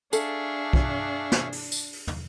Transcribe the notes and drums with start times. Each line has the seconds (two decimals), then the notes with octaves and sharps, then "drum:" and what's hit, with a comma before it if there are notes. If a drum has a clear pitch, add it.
0.13 D4 G#4 A4 E5 F5 C#6, drum: tambourine
0.73 drum: kick
1.32 drum: snare
1.52 drum: open hi-hat
1.72 drum: tambourine
1.93 drum: open hi-hat
2.07 drum: tom